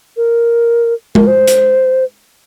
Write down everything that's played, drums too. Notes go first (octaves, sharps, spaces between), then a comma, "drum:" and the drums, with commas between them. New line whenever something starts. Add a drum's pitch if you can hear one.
A#4
A#4, drum: tom G#3
C5
drum: hi-hat